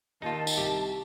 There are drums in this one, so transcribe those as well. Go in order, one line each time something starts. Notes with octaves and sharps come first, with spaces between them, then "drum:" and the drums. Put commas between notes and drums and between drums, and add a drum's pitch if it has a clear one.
D#2 A#2 D#3 D#4 F4 A5
drum: tambourine
C2 G4